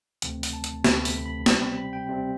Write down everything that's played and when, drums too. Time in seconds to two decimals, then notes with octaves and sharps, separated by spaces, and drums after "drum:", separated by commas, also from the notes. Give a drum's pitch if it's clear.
0.22 D2 C3 E3 A3 C4, drum: hi-hat
0.43 drum: open hi-hat
0.53 A5
0.64 drum: hi-hat
0.84 D2 C3 E3 A3 C4 B5, drum: snare
1.05 B5, drum: open hi-hat
1.26 B5
1.46 C3 G3 C4 G5, drum: snare
1.62 B5
1.77 B5
1.93 G5
2.09 C3 G3 C4